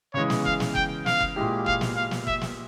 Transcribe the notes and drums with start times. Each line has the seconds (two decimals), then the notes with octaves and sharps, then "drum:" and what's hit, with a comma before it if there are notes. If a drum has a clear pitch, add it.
0.14 C#3 E3 G#3 C#5
0.30 drum: snare
0.45 F5, drum: kick F#1
0.60 drum: snare
0.75 G5, drum: kick F#1
1.06 F5, drum: snare
1.21 drum: kick F#1
1.36 A#2 G#3 E4 G4
1.66 F5, drum: kick F#1
1.81 drum: snare
1.96 F5
2.11 drum: snare
2.27 E5, drum: kick F#1
2.41 drum: snare